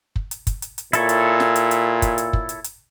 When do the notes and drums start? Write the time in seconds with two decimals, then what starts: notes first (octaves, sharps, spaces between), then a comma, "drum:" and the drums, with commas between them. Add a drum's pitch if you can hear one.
0.16 drum: kick
0.31 drum: hi-hat
0.47 drum: kick, hi-hat
0.62 drum: hi-hat
0.78 drum: hi-hat
0.93 A#2 E4 A4 C#5, drum: hi-hat
1.09 drum: hi-hat
1.40 drum: snare
1.56 drum: hi-hat
1.71 drum: hi-hat
2.02 drum: kick, hi-hat
2.18 drum: hi-hat
2.33 drum: kick
2.49 drum: hi-hat
2.64 drum: hi-hat